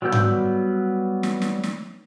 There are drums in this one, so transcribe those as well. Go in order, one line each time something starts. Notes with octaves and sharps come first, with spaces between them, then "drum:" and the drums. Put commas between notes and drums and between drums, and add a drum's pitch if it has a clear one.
F#3 G3 B3 E6 G6
drum: tom G#2
drum: snare
drum: snare
drum: snare